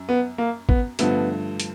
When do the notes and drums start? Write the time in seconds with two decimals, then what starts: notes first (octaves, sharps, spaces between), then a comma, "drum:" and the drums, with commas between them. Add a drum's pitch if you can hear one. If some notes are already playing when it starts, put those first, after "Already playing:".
Already playing: F#2
0.09 B3
0.38 A#3
0.69 B3, drum: kick
0.99 G2 D3 F3 A3 B3, drum: hi-hat
1.60 drum: hi-hat